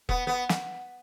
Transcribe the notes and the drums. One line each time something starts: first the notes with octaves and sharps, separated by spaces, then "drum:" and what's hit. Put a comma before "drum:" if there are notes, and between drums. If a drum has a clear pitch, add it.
B3, drum: kick E1
B3
drum: snare